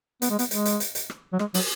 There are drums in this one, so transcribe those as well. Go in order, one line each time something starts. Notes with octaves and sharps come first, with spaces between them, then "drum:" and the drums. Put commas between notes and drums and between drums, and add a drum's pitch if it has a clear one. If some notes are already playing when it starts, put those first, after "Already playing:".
B3, drum: hi-hat
G#3
B3, drum: hi-hat
G#3, drum: hi-hat
drum: hi-hat
drum: hi-hat
drum: hi-hat
drum: rim click
F#3
G#3, drum: rim click
F#3, drum: open hi-hat